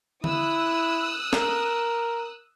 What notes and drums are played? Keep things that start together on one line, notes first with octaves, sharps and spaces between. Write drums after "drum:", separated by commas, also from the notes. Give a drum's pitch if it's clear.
E4 D#6 E6 F#6, drum: tom D3
A#4, drum: snare